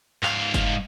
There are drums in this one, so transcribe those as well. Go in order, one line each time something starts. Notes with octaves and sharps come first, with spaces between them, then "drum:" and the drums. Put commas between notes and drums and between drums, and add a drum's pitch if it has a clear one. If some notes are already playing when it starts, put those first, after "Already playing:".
G#2 F5, drum: clap
drum: kick, hi-hat